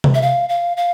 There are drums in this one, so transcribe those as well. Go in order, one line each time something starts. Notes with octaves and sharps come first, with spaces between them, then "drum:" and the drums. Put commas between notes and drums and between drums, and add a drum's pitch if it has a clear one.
drum: tom C3
E5
F5
F5
F5